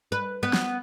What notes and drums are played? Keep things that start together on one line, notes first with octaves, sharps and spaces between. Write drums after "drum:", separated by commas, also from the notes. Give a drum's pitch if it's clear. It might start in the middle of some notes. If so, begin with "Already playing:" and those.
B4
B3
drum: snare